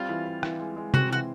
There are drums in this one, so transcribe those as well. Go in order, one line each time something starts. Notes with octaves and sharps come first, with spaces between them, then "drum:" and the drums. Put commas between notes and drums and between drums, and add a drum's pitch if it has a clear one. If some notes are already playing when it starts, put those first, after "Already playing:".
Already playing: G3 C4 F4
E3
E3
E3, drum: rim click
G#3
G#3
C4 F#4, drum: tom C3
E3 F#4